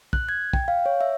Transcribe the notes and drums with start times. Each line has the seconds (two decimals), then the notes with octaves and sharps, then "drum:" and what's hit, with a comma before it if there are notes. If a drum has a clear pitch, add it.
0.13 F#6, drum: kick
0.29 G#6
0.53 G5, drum: kick
0.68 F5
0.86 C#5
1.01 E5